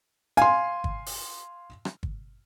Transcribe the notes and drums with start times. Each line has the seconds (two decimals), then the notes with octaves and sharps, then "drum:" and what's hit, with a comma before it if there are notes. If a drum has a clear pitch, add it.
0.37 F5 G#5 C6, drum: hi-hat
0.84 drum: kick
1.06 drum: open hi-hat
1.85 drum: rim click
2.03 drum: kick